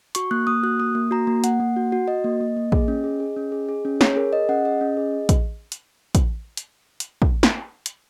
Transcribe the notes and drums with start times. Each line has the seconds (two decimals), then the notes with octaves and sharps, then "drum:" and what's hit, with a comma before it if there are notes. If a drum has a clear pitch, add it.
0.15 F#4 C#6, drum: hi-hat
0.31 A#3 F#6
0.47 A#3 D#6
0.63 F#4 F#6
0.79 A#3 D#6
0.95 A#3
1.11 F#4 A#5
1.27 A#3
1.44 A#3 F#5, drum: hi-hat
1.60 A#3
1.76 F#4
1.92 F#4
2.07 F#4 D#5
2.24 A#3
2.41 A#3
2.57 A#3
2.72 G#4, drum: kick
2.88 C#4
3.04 G#4
3.20 G#4
3.36 C#4
3.52 G#4
3.69 G#4
3.85 C#4
4.01 G#4 C#5, drum: snare
4.16 G#4 A#4
4.33 G#4 D#5
4.49 C#4 F#5
4.65 G#4 D#5
4.81 C#4
4.97 G#4
5.29 drum: kick, hi-hat
5.72 drum: hi-hat
6.15 drum: kick, hi-hat
6.57 drum: hi-hat
7.00 drum: hi-hat
7.22 drum: kick
7.43 drum: snare
7.86 drum: hi-hat